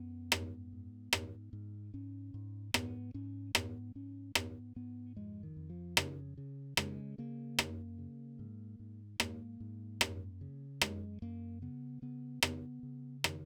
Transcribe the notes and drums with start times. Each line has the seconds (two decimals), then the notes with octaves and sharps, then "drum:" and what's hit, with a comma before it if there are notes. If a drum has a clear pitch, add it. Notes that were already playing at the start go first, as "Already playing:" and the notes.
Already playing: F#2 B3
0.32 G#2, drum: rim click
0.72 G#2
1.13 G#2, drum: rim click
1.53 G#2
1.94 G#2 C#4
2.34 G#2
2.74 G#2 B3, drum: rim click
3.14 G#2 C#4
3.55 G#2 B3, drum: rim click
3.95 G#2 C#4
4.35 G#2 B3, drum: rim click
4.76 G#2 B3
5.17 F2 G#3
5.43 D#3
5.56 F2
5.70 F3
5.97 C#3, drum: rim click
6.37 C#3
6.77 C#3 G#3, drum: rim click
7.18 C#3 A#3
7.59 F#2, drum: rim click
7.98 C#3
8.39 G#2
8.79 G#2
9.20 G#2 A#3, drum: rim click
9.60 G#2
10.01 F#2, drum: rim click
10.41 C#3
10.81 F#2 G#3, drum: rim click
11.22 F#2 A#3
11.62 C#3 B3
12.02 C#3 B3
12.43 C#3 B3, drum: rim click
12.83 C#3
13.24 D#3, drum: rim click